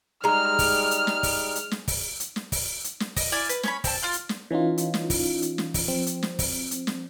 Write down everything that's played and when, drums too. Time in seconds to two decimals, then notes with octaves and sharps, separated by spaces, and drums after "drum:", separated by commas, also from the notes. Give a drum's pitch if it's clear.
0.24 G3 G#3 D#4 A#5 F6
0.59 drum: kick, open hi-hat
0.91 drum: hi-hat
1.07 drum: snare
1.23 drum: kick, open hi-hat
1.55 drum: hi-hat
1.71 drum: snare
1.88 drum: kick, open hi-hat
2.20 drum: hi-hat
2.36 drum: snare
2.52 drum: kick, open hi-hat
2.84 drum: hi-hat
3.00 drum: snare
3.16 D#5, drum: kick, open hi-hat
3.32 E4 D5 G#5 F6
3.49 B4, drum: hi-hat
3.63 C#4 C#5 B5, drum: snare
3.84 C4 A5, drum: kick, open hi-hat
4.02 F4 C6 F6
4.13 drum: hi-hat
4.29 drum: snare
4.51 E3 C#4 D#4 F4
4.78 drum: hi-hat
4.94 drum: snare
5.10 drum: kick, open hi-hat
5.42 drum: hi-hat
5.58 drum: snare
5.74 drum: kick, open hi-hat
5.88 F3 C4
6.06 drum: hi-hat
6.23 drum: snare
6.39 drum: kick, open hi-hat
6.71 drum: hi-hat
6.87 drum: snare